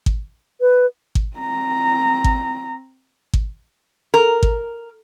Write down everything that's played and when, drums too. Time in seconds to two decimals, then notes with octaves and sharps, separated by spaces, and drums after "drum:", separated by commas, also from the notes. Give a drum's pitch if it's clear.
0.06 drum: kick G#1
0.61 B4
1.15 drum: kick G#1
1.37 C4 A#5
2.24 drum: kick G#1
3.34 drum: kick G#1
4.14 A#4
4.43 drum: kick G#1